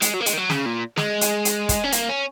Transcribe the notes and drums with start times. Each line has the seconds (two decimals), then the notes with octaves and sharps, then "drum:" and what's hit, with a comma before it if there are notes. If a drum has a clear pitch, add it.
0.02 G#3, drum: hi-hat
0.14 F#3
0.21 A#3
0.26 G#3, drum: hi-hat
0.33 D#3
0.37 F#3
0.50 C#3, drum: snare
0.66 A#2
0.98 G#3, drum: snare
1.21 drum: hi-hat
1.45 drum: hi-hat
1.69 drum: kick, hi-hat
1.84 C#4
1.92 A#3, drum: hi-hat
2.09 C#4